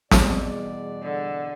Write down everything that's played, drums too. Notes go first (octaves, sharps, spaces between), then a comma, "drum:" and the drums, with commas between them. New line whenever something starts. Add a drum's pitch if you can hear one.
E2 B2 G3 B3 G#4 D5, drum: snare
D3